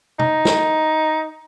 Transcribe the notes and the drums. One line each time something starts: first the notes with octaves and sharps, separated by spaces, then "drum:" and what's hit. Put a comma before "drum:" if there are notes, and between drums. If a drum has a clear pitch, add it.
D#4, drum: tom
drum: snare